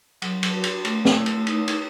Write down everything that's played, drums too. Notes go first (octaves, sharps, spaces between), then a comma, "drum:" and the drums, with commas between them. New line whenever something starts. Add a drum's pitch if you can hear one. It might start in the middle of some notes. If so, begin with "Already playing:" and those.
F#3, drum: cymbal
drum: cymbal
F#4
drum: cymbal
A3, drum: cymbal
drum: snare C4
E4
drum: cymbal
D#4, drum: cymbal
drum: cymbal